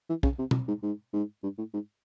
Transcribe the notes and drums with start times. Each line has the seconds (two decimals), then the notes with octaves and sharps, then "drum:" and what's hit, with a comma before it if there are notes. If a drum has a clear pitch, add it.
0.09 E3
0.23 C#3, drum: kick
0.39 C3
0.51 drum: tom B2
0.68 G#2
0.83 G#2
1.13 G#2
1.43 G2
1.58 A2
1.74 G#2